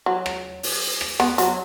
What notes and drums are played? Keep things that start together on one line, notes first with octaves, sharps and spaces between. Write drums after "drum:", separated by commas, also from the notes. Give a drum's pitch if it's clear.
F#3
drum: rim click
drum: open hi-hat
drum: rim click
B3, drum: rim click
F#3, drum: hi-hat